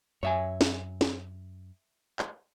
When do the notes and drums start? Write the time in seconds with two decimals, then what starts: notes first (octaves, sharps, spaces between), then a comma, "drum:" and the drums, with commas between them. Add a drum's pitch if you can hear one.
0.23 F#2 C#5 E5 G#5
0.61 drum: snare
1.01 drum: snare
2.19 drum: clap